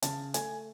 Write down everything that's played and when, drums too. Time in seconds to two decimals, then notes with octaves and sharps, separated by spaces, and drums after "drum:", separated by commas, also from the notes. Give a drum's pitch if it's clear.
0.02 C#3 A5, drum: hi-hat
0.34 A3 G#5, drum: hi-hat